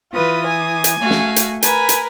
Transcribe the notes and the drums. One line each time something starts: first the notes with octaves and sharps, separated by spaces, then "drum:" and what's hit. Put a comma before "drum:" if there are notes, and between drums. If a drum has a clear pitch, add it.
E3 F4 B4 D#6
G#5
drum: hi-hat
A3 F#4 F5
drum: snare
drum: hi-hat
A#4 B4 G#5 B5, drum: hi-hat
drum: hi-hat